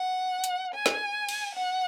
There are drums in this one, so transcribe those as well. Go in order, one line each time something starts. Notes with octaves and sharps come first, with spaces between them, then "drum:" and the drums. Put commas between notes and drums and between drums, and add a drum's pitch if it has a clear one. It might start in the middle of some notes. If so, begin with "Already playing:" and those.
Already playing: F#5
drum: hi-hat
G#5
drum: snare
drum: cymbal
F#5